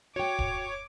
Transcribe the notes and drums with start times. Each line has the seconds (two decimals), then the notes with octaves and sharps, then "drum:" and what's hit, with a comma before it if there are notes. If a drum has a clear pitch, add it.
0.16 F#4 C#5 G5 D6
0.39 drum: kick